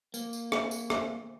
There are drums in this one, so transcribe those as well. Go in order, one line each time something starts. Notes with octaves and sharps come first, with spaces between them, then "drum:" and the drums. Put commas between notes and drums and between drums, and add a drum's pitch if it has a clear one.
A#3, drum: tambourine
drum: tambourine
drum: rim click
drum: tambourine
drum: rim click